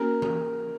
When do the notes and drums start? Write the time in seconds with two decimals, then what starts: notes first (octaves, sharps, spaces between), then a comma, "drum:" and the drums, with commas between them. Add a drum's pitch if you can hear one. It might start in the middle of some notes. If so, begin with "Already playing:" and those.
Already playing: A#3 C#4 F#4 A#4
0.22 drum: tom E3